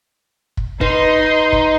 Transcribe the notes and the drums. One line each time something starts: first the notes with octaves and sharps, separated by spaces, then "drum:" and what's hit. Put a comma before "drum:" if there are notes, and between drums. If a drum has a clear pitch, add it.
drum: kick
D#4 B4 C6, drum: kick
drum: kick